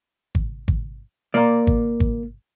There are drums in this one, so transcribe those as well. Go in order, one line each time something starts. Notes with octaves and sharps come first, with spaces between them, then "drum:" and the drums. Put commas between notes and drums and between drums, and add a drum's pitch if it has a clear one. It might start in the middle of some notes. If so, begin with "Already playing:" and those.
drum: kick G#1
drum: kick G#1
A#3 D5
drum: kick G#1
drum: kick G#1